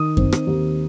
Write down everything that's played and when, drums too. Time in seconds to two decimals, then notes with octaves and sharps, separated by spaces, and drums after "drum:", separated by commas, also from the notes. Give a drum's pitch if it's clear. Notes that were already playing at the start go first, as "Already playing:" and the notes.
Already playing: D#3 D#6
0.17 C4, drum: kick F#2
0.32 drum: rim click
0.47 D#2